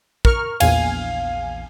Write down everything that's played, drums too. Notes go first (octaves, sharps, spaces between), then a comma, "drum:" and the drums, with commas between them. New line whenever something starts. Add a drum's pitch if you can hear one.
A#4 C#6 F6, drum: kick
A#1 E2 F5 G#5, drum: cymbal